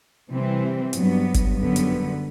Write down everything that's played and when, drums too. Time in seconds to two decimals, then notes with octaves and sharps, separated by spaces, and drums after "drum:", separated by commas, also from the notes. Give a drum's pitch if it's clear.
0.30 C3 E3 G3 C4
0.93 G2 F#3 B3, drum: hi-hat
1.34 drum: kick G1, hi-hat
1.55 F#2 D3 G3 B3
1.76 drum: hi-hat